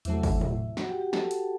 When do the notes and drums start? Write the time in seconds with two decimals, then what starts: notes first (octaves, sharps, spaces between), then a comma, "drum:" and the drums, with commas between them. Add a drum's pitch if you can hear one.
0.05 E2 C3 F#3 A3 E4 E5, drum: hi-hat
0.23 drum: kick, open hi-hat
0.41 drum: tom
0.77 F#4 F#5, drum: snare
0.89 G4 G5
1.01 G4 G5
1.13 A4 A5, drum: snare
1.31 drum: hi-hat